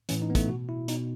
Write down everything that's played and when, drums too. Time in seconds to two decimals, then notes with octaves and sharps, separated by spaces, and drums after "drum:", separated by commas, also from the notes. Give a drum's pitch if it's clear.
0.09 A2 E3 C#4, drum: hi-hat
0.22 D#4
0.30 B3
0.35 A3, drum: kick, hi-hat
0.48 B2 F#4
0.69 E4
0.88 B2 D#4, drum: hi-hat